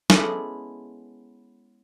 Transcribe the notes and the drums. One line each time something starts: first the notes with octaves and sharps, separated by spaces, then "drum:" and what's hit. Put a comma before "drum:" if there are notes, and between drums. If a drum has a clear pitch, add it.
G#3 B3 C#4 E4 A4 D5, drum: snare